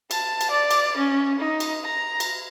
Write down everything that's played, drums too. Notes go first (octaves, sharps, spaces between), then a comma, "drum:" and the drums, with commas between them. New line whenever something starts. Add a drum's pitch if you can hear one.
A5, drum: cymbal
drum: cymbal
D5
drum: cymbal
C#4
D#4
drum: cymbal
A#5
drum: cymbal